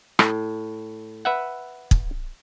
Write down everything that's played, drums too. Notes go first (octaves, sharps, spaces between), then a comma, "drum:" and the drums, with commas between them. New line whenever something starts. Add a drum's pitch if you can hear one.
A2, drum: rim click
B4 E5 F#5
drum: kick